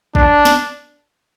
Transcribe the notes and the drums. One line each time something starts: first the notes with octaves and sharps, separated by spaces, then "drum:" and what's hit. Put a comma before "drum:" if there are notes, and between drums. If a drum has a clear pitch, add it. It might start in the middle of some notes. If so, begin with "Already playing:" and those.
D4, drum: kick
drum: snare